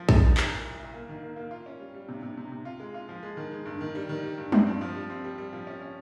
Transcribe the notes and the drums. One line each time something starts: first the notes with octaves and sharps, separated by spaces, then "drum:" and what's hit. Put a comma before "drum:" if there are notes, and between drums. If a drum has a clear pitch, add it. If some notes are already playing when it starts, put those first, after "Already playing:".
Already playing: F3
G#3, drum: kick A#1
D#4
C2, drum: clap
A#2
C2
C2
A#3
D#3
A#3
A#3
F4
C#4
G3
G3
C3
C3
C3
C3
F4
G#3
F4
F3
G#3
D#3
G#3
G2
D#3
G3
D#3
G3
G2
C4, drum: tom F#3
G2
F3
G3
C4
G3
G3
F3
C#4
C#4